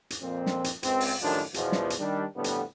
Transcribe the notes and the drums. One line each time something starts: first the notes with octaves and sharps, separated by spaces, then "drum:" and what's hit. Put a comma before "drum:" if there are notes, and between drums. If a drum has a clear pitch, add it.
drum: hi-hat
F2 A#2 F3 C4
drum: snare
drum: hi-hat
C#2 C4, drum: hi-hat
drum: open hi-hat
F#2 A2 D#3 F3 G3 D4
E2 B2 F3, drum: hi-hat
drum: snare
drum: hi-hat
D#3 G3 D4
F2 A2 D3 G3 B3
drum: hi-hat